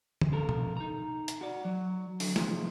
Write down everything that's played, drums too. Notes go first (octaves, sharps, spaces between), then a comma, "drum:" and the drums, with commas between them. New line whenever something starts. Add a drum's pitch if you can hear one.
drum: tom
F2 A4 A#4
drum: tom
D#4 A#5
drum: hi-hat
F#4 D5
F#3
D3 F#3, drum: open hi-hat
C3 D#3 F3 G#3, drum: snare